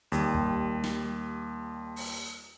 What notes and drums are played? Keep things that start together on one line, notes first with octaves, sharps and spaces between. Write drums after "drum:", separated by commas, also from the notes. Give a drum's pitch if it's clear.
D#2 G3, drum: hi-hat
drum: kick
drum: snare
drum: open hi-hat